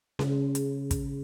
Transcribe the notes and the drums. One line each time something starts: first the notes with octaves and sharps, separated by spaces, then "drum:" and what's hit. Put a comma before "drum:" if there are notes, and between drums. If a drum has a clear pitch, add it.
C#3, drum: snare C#4
drum: hi-hat
drum: kick, hi-hat